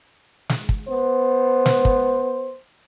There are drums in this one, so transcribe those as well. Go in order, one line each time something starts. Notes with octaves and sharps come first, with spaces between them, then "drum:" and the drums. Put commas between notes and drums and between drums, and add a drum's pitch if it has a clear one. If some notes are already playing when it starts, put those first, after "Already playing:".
drum: snare
drum: kick
B3 C5
drum: snare
drum: kick